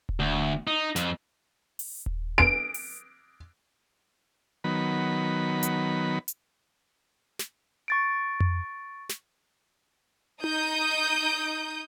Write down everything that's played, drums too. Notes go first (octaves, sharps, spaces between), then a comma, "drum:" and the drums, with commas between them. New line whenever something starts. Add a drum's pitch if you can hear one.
drum: kick D#1
D2
D#4
F2, drum: snare
drum: open hi-hat
drum: kick D#1
D7
drum: open hi-hat
D#3 F#3 B3 B5
drum: hi-hat
drum: hi-hat
drum: snare
C#6 A6 D7
drum: tom F2
drum: snare
D#4 D#6 G6, drum: tom D#4